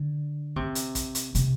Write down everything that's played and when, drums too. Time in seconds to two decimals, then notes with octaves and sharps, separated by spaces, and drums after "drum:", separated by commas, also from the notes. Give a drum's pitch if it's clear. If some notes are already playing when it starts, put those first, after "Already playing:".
Already playing: D3
0.56 C3, drum: kick
0.75 drum: hi-hat
0.95 drum: kick, hi-hat
1.15 drum: hi-hat
1.35 C3, drum: hi-hat